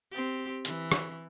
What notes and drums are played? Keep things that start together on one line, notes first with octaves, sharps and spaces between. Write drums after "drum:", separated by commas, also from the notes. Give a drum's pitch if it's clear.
C4 G4
E3, drum: hi-hat
drum: rim click